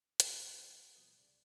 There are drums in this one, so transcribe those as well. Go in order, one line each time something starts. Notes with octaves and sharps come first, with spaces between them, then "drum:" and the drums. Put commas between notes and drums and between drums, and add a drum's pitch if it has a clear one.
A#1 G#3 A5 A#6, drum: hi-hat
E3 D#4 G4 A4
A#2 E3 F#3 B3 D#6
C2 C#3 D5